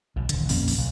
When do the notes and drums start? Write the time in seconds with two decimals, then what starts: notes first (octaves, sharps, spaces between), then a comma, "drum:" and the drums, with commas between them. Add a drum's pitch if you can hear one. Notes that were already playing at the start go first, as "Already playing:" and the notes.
0.16 B1 B2
0.29 D#1 D3, drum: hi-hat
0.49 A#1 F2 A#3 C#4, drum: open hi-hat
0.68 drum: open hi-hat
0.78 B1